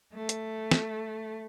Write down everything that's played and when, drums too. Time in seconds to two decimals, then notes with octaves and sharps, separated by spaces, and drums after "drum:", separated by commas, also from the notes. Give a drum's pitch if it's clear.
0.14 A3
0.29 drum: hi-hat
0.71 drum: snare